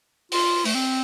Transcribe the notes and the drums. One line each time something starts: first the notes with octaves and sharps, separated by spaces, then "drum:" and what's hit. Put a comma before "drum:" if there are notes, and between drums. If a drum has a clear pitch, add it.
F4, drum: open hi-hat
A3, drum: open hi-hat
C4